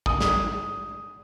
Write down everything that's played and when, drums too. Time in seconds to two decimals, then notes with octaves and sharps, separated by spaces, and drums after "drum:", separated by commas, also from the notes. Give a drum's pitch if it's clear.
0.06 D#6, drum: kick
0.21 drum: snare